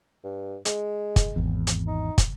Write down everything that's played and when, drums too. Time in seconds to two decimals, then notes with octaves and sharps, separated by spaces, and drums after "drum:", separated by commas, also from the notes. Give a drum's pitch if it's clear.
0.24 G2
0.65 G#3, drum: hi-hat
1.16 drum: kick, hi-hat
1.36 G#1 E2
1.67 drum: hi-hat
1.87 D#4
2.18 drum: kick, hi-hat